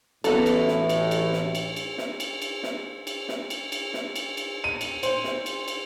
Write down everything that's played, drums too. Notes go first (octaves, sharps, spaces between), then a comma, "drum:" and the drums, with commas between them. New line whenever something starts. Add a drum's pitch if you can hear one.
A1 A2 B3 F#4 A4, drum: cymbal
drum: cymbal
drum: snare
drum: cymbal
drum: cymbal
drum: snare
drum: cymbal
drum: cymbal
drum: snare
drum: cymbal
drum: cymbal
drum: snare
drum: cymbal
drum: snare
drum: cymbal
drum: cymbal
drum: snare
drum: cymbal
drum: cymbal
D#7
drum: cymbal
C5, drum: cymbal
drum: snare
drum: cymbal
drum: cymbal